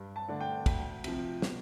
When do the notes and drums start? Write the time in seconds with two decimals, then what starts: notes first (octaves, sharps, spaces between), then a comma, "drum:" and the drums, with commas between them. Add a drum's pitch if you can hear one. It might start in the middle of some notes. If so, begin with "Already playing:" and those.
Already playing: G2
0.16 A5
0.28 D3 A3 D4
0.40 G5
0.66 D2, drum: kick, cymbal
1.04 C3 F3, drum: cymbal
1.42 B2, drum: snare